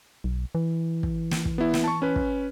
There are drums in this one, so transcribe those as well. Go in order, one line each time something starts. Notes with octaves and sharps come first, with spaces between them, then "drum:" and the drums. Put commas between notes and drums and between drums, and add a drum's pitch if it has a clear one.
B1
E3
drum: kick
drum: snare
drum: kick
B3 E4
drum: snare
A5 C#6
C#4 B4
drum: kick